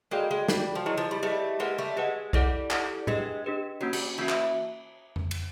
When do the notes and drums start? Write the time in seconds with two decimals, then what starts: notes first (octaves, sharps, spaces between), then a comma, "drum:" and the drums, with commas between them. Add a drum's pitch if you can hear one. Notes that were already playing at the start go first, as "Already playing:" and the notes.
0.11 G#3 A#3 F#4 A4 D5 G5
0.31 G#3
0.48 G3 F#4 A4 D5 G5, drum: snare
0.75 F3
0.86 F#3 E4 G#4 B4 D#5
0.97 F3
1.11 G3
1.23 G3 A3 E4 G#4 B4 D#5
1.59 G#3 A#3 G4 B4 D#5 F#5
1.78 G3 A3
1.97 G#3 G4 B4 D#5 F#5
2.33 G3 E4 A4 D5 F#5, drum: kick B1
2.70 E4 A4 D5 F#5, drum: clap
3.07 G#3 D4 G4 B4 D#5, drum: tom A2
3.44 D4 G4 B4 D#5
3.81 F#3 A#3 C#4 F#4
3.93 G3, drum: cymbal
4.18 E3 A#3 C#4 F#4
4.29 drum: clap
5.16 drum: tom F2
5.31 drum: cymbal